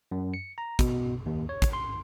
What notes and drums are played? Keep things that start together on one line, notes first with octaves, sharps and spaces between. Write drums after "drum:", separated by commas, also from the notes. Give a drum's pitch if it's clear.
F#2
C#7
A#5
B2, drum: kick, hi-hat
D#2
C#5
drum: kick, hi-hat
C6